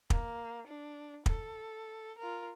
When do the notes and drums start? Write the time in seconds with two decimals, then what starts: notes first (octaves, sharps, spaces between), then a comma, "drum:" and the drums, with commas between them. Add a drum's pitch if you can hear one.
0.10 A#3, drum: kick
0.67 D4
1.26 A4, drum: kick
2.18 F4 A#4